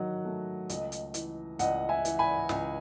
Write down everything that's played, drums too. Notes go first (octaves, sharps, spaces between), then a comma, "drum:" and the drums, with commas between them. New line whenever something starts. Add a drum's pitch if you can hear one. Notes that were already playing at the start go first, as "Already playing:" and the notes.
Already playing: D#3 F#3 D#5 F#5
A3
C#2 D#5, drum: hi-hat
drum: hi-hat
E3, drum: hi-hat
C#2 D#5 F#5, drum: hi-hat
E5 G#5
E3, drum: hi-hat
G#5 B5
C#2, drum: snare